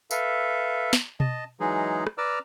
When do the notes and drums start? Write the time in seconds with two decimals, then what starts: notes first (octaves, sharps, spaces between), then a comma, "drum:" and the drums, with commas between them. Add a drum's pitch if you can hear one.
0.11 A4 B4 E5 F5, drum: tambourine
0.93 drum: snare
1.20 D#5 A5, drum: tom B2
1.60 E3 F#3 G#3 D#4 G#4
2.07 drum: rim click
2.18 B4 D5 A#5 D6 E6 F6